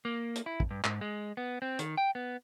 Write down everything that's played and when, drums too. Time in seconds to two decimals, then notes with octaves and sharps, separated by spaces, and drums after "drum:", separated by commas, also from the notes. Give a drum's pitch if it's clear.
0.05 A#3
0.36 drum: hi-hat
0.46 E4
0.60 drum: kick
0.71 G2
0.84 G#2, drum: clap
1.01 G#3
1.37 B3
1.62 C4
1.79 D#3, drum: hi-hat
1.97 G5
2.15 B3